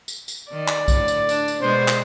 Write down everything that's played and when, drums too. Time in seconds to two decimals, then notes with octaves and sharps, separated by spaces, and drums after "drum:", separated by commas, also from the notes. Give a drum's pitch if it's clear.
0.08 drum: tambourine
0.28 drum: tambourine
0.51 D#3 D5
0.68 drum: clap
0.88 A2 D3, drum: kick B1, tambourine
1.08 drum: tambourine
1.29 D4, drum: tambourine
1.48 drum: tambourine
1.61 B2 G#3 B3 C5
1.88 drum: clap